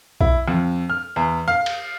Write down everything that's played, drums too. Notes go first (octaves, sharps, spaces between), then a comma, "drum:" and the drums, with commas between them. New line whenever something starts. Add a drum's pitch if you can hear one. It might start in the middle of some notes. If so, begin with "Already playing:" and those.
E4, drum: kick
F2
F6
E2
F5
drum: cymbal